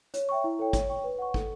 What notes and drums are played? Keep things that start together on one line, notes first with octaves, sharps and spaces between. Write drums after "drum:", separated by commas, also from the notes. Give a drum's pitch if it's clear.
C#5, drum: hi-hat
E5 G5 C#6
E4
A4 C#5 G5
C#5, drum: kick, hi-hat
G5 C#6
B4
F#5 C#6
A4, drum: kick